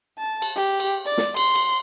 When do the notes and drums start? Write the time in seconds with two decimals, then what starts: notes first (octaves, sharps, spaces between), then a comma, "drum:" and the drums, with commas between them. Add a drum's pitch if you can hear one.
0.18 A5
0.42 drum: cymbal
0.56 G4
0.80 drum: cymbal
1.05 D5
1.18 drum: snare
1.36 C6, drum: cymbal
1.55 drum: cymbal